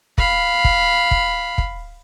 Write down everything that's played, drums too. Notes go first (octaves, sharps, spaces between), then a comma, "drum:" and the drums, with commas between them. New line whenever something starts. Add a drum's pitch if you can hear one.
F5 B5, drum: kick
drum: kick
drum: kick
drum: kick